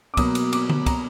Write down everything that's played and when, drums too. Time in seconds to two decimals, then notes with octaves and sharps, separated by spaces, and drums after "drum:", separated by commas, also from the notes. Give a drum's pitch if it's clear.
0.14 D6
0.17 B2 F#3 A#3 D#6, drum: kick, cymbal
0.35 drum: cymbal
0.53 D6, drum: cymbal
0.70 drum: tom D3
0.86 A#5, drum: kick, cymbal